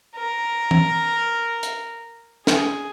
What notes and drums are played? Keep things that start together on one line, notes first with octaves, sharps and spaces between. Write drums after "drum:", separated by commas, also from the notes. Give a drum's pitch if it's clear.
A#4
drum: tom E3
drum: hi-hat
G#4, drum: snare